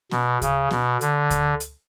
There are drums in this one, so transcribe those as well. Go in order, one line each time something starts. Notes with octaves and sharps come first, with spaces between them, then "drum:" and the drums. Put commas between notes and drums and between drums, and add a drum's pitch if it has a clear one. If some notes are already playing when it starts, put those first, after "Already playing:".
B2, drum: snare B3
C#3, drum: kick D2, hi-hat
B2, drum: snare B3
D3, drum: hi-hat
drum: kick D2, hi-hat
drum: hi-hat